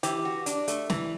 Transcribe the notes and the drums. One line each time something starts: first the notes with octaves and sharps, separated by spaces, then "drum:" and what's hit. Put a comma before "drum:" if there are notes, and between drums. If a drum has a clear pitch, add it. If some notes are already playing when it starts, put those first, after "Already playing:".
E3 G4, drum: hi-hat
F#4
D4, drum: hi-hat
A3, drum: hi-hat
E3, drum: snare